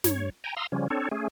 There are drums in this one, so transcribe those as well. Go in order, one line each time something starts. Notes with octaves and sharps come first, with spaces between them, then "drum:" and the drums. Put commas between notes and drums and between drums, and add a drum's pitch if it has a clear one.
G2 C#5, drum: snare
G5 G#5 A#5
F5 A#5 C6 D#6 E6
C#3 F3 G3 C#4
C4 D4 A4 C#5
A3 C#4 G#4